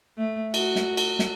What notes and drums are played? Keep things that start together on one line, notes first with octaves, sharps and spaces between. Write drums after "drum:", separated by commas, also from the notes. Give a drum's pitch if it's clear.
A3
F#4, drum: cymbal
drum: snare
drum: cymbal
drum: snare